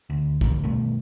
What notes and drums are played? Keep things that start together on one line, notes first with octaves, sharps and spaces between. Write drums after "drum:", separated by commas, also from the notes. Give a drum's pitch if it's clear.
D2
G#1 D2 D#3, drum: kick B1
G2 B2 D#3 A3